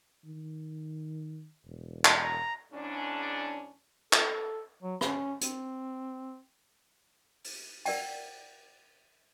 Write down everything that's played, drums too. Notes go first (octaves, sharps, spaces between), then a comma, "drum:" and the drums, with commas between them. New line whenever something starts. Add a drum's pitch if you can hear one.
D#3
E1
drum: clap
A#5
E2 G#2 C#4 D4
A4, drum: clap
F#3
C#4, drum: rim click
C4, drum: hi-hat
drum: open hi-hat
A#4 D5 F#5 G5, drum: open hi-hat